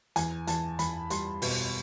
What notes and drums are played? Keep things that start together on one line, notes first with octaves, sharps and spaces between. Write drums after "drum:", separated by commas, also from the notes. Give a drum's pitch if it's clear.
E2 G#5, drum: hi-hat
E2 A5, drum: hi-hat
E2 B5, drum: hi-hat
G3 C6, drum: hi-hat
B2, drum: open hi-hat